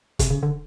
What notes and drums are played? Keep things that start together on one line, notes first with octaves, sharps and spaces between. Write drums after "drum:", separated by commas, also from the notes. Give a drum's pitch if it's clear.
C3, drum: kick, hi-hat
C#3
D3